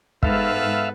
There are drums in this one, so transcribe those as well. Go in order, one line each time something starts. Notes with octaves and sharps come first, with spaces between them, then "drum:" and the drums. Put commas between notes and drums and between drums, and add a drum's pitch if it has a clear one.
G#2 B3 A4 B4 E5 F5, drum: kick